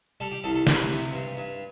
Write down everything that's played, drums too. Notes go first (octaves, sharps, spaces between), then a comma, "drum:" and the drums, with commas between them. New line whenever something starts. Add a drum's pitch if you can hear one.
G3 A4
G4
C2 A4
A4
C2 B4, drum: snare
C3
G2
G2